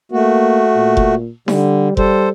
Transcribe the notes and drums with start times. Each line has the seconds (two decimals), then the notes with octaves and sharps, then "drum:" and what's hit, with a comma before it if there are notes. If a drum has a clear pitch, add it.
0.12 A3 A#3 F#4
0.76 A#2
0.97 drum: kick F1
1.48 D3 G3, drum: snare D#4
1.97 G3 A4 C5, drum: kick F1